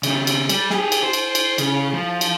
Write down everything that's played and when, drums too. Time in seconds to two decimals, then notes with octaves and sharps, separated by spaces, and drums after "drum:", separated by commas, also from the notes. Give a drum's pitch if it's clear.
0.03 C#3 C4, drum: cymbal
0.27 drum: cymbal
0.49 G3, drum: cymbal
0.70 G4 G#4, drum: snare
0.92 drum: cymbal
1.03 C5
1.13 drum: cymbal
1.35 drum: cymbal
1.58 C#3, drum: cymbal
1.93 F3
2.21 drum: cymbal